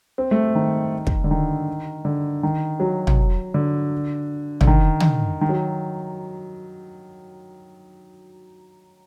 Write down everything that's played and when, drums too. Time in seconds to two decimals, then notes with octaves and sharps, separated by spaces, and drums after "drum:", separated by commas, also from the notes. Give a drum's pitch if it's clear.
0.18 C4
0.31 A3
0.55 D#3
1.07 drum: kick
1.24 D3
1.31 D#3
2.05 D3
2.43 D#3
2.80 F#3
3.07 drum: tom
3.54 D3
4.61 D3, drum: tom
4.67 D#3
5.00 drum: tom
5.41 D#3
5.49 F#3